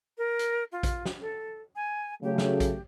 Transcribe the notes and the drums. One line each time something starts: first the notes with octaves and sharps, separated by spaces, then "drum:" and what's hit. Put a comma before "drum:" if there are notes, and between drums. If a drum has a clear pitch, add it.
A#4
drum: hi-hat
F4
drum: kick A#1, hi-hat
drum: snare
A4
G#5
C#3 F#3 A3 G4
drum: snare
drum: kick A#1, hi-hat